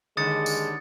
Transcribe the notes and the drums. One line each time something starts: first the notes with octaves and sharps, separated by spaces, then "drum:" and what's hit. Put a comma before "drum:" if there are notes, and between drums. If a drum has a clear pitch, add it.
D#2 D3 G#3 D#6 A6 C#7
drum: tambourine